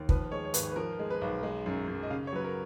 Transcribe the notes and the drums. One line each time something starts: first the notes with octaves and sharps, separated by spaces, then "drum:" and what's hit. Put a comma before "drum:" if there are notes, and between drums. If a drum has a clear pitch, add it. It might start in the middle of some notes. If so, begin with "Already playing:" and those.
Already playing: D#2
F3 B4, drum: kick
G#3 C#5
C#5
G#1 B4, drum: hi-hat
B4
F3 A#4
G#3
B4
B1
G#3
F#2
F#2
D#5
C#3 F5
C#5
F#3 B4
A#4